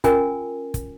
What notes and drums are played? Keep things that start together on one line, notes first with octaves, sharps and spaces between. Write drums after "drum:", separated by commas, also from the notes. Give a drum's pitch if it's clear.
C#4 F4 A#4 G#5, drum: kick, hi-hat
drum: kick, hi-hat